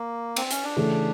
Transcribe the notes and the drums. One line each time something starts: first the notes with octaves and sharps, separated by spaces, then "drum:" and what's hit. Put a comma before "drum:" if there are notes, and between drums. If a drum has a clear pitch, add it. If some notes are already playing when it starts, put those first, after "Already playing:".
Already playing: A#3
C4, drum: cymbal
C#4, drum: hi-hat
D4
C#3 E3 A3